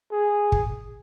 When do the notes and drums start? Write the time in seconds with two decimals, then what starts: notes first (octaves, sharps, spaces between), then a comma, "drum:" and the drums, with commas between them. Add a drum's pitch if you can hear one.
0.12 G#4
0.52 drum: kick